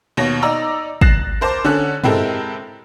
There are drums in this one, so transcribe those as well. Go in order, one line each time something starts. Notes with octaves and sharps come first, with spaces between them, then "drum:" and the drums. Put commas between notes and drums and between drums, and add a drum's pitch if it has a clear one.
D#2 B2 C#5 A#6
D#4 D5 A#5 E6
F#6 A6 A#6 C7 E7, drum: kick
A#4 C5 A5 D6
D3 C#4 A4 F#6
G#3 C4 E4 G4 A4 A#4, drum: tom